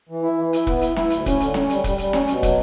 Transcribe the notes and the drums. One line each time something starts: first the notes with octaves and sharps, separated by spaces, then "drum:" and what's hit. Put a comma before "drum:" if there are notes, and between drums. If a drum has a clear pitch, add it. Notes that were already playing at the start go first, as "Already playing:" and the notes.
E3
E4
E3
E4, drum: hi-hat
B3, drum: kick
E4, drum: hi-hat
E4, drum: snare
D2, drum: hi-hat
C#4, drum: kick, hi-hat
D3, drum: hi-hat
C#4, drum: snare
G3, drum: hi-hat
G3, drum: kick, hi-hat
G3, drum: hi-hat
C#4, drum: snare
B2, drum: hi-hat
F#3, drum: kick, hi-hat